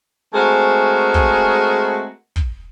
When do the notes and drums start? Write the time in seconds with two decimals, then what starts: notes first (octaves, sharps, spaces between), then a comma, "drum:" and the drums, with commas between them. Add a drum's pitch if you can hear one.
0.33 G#3 A3 C4 F#4 G#4 A#4
1.14 drum: kick
2.36 drum: kick